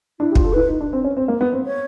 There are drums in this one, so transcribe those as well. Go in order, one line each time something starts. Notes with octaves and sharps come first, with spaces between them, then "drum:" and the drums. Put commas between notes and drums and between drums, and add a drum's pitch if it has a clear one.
D4 E4
G4
F4, drum: kick
A4
E4 B4
D#4
D4
C4
C#4
C4
A#3
B3
C4
C#5